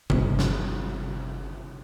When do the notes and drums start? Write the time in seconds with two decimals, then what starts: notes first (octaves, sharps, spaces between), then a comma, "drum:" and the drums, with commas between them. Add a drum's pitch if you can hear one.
0.10 G1 G3, drum: tom C3
0.39 drum: snare